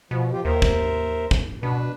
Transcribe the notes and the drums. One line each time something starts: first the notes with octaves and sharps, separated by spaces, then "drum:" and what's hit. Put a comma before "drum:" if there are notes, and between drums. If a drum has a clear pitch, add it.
B2 F3
F3 F4 G4
D#2 A#4 C5 E5
drum: kick
drum: kick
B2 D4 B4